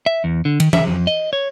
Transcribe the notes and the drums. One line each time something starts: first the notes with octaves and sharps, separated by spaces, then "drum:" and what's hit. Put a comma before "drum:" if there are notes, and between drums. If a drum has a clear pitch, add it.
E5
E2
D3
D#3, drum: cymbal
E5, drum: tom E3
F2
D#5
C#5